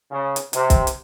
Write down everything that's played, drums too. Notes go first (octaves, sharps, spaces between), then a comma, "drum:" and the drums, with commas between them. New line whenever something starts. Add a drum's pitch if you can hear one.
C#3
drum: hi-hat
C3, drum: hi-hat
drum: kick, hi-hat
drum: hi-hat